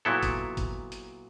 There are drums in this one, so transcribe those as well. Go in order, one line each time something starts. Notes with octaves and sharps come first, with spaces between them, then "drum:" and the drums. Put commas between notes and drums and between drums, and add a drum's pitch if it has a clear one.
A#2 F#3 B3 E4 A4
drum: kick G1, hi-hat
drum: kick G1, hi-hat
drum: hi-hat